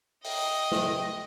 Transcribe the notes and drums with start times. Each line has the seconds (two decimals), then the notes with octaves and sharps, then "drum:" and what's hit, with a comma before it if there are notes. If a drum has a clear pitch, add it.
0.24 D#5 G5, drum: open hi-hat
0.71 drum: snare